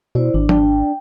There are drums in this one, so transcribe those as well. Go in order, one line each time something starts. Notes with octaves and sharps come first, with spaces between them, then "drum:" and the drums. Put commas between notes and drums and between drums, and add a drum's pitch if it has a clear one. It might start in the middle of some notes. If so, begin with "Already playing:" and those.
B2 E4 C5 D5
G#1 D4
D4 G5, drum: tom F3